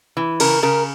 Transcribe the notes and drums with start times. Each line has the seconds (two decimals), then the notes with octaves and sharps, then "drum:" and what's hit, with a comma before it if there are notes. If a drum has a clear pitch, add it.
0.17 E3
0.40 C#3 A#4, drum: cymbal
0.63 C#3 A#4